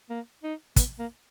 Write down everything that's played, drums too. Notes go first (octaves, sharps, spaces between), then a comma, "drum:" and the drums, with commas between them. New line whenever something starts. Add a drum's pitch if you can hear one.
A#3
D#4
B3, drum: kick, hi-hat
A#3